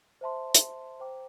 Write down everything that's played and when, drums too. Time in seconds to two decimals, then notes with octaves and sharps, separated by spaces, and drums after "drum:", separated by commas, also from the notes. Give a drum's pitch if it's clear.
0.21 C5 E5 A5 C6
0.55 drum: hi-hat
1.00 C5 G5 A#5 D6